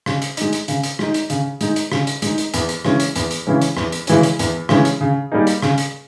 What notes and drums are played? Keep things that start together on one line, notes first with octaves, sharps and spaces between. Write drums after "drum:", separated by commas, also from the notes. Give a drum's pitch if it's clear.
C#3, drum: rim click
drum: hi-hat
G#3 D#4, drum: hi-hat
drum: hi-hat
C#3, drum: hi-hat
drum: hi-hat
G#3 D#4, drum: rim click
drum: hi-hat
C#3, drum: hi-hat
G#3 D#4, drum: hi-hat
drum: hi-hat
C#3, drum: rim click
drum: hi-hat
G#3 D#4, drum: hi-hat
drum: hi-hat
E2, drum: hi-hat
drum: hi-hat
C#3 E3 G#3 C#4, drum: rim click
drum: hi-hat
E2, drum: hi-hat
drum: hi-hat
C#3 E3 G#3 C#4
drum: hi-hat
E2, drum: rim click
drum: hi-hat
C#3 E3 G#3 C#4, drum: hi-hat
drum: hi-hat
E2, drum: hi-hat
C#3 E3 G#3 C#4, drum: rim click
drum: hi-hat
C#3
G3 A#3 D#4 G#4
drum: hi-hat
C#3, drum: rim click
drum: hi-hat